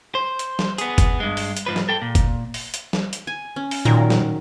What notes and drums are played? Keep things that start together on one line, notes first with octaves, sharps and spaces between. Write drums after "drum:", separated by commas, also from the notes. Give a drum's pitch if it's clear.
C5
drum: hi-hat
drum: snare
B3 G#4, drum: hi-hat
drum: kick F#1, hi-hat
G2 G#3
drum: open hi-hat
drum: hi-hat
G#2 F3 B4
drum: snare
A4 G5
A#2
drum: kick F#1, hi-hat
drum: open hi-hat
drum: hi-hat
drum: snare
drum: hi-hat
G#5
C#4
drum: open hi-hat
A#2 D#3 F#3 A#4
drum: snare